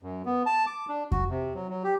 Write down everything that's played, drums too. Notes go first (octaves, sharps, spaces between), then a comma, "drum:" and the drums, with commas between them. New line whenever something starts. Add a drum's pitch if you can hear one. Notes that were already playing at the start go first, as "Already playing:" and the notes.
F#2
B3
A5
D6
D4
F#4, drum: kick F2
C3
F#3
F#3
G4